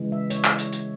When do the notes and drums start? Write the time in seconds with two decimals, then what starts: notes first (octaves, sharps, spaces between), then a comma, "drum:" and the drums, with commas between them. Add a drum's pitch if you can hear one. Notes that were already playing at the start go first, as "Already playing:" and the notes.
Already playing: C#3 E3 G#3
0.12 E5
0.30 C#5, drum: hi-hat
0.45 drum: clap
0.58 drum: hi-hat
0.72 drum: hi-hat